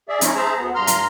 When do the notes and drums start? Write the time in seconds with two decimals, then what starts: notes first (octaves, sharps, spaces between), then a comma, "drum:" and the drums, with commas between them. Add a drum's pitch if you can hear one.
0.09 G#4 D5 E5
0.21 A3 C4 C#4 D#4 E4, drum: hi-hat
0.36 G#4 C5 E5 A5 A#5
0.57 D2 B3
0.75 G2 A#5 C6 F6
0.87 drum: hi-hat